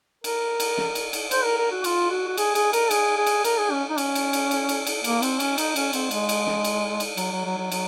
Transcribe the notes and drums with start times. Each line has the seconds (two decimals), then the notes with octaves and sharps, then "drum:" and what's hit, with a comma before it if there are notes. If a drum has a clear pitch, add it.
0.24 A#4, drum: cymbal
0.60 drum: cymbal
0.78 drum: snare
0.95 drum: cymbal
1.13 drum: cymbal
1.31 C5, drum: cymbal
1.44 A#4
1.57 A#4
1.71 F#4
1.84 F4, drum: cymbal
2.10 F#4
2.27 F#4
2.37 G#4, drum: cymbal
2.55 G#4, drum: cymbal
2.73 A#4, drum: cymbal
2.91 G#4, drum: cymbal
3.17 G#4
3.26 drum: cymbal
3.44 A#4, drum: cymbal
3.58 G#4
3.71 C#4
3.90 D#4
3.98 C#4, drum: cymbal
4.15 drum: cymbal
4.33 drum: cymbal
4.51 drum: cymbal
4.69 drum: cymbal
4.87 drum: cymbal
5.04 A#3, drum: cymbal
5.22 C4, drum: cymbal
5.40 C#4, drum: cymbal
5.58 D#4, drum: cymbal
5.76 C#4, drum: cymbal
5.93 C4, drum: cymbal
6.11 G#3, drum: cymbal
6.29 drum: cymbal
6.47 drum: snare
6.64 drum: cymbal
7.00 drum: cymbal
7.17 F#3, drum: cymbal
7.31 F#3
7.45 F#3
7.58 F#3
7.72 F#3, drum: cymbal